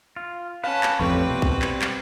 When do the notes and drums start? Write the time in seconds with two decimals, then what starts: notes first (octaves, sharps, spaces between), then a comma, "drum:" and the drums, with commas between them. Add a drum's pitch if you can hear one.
0.16 F4
0.64 C#4 B4 F5 A5
0.83 drum: clap
0.99 A1 F2 A2 G3 C4 B4 C#6
1.31 B2
1.42 drum: kick A#1
1.62 drum: clap
1.82 drum: clap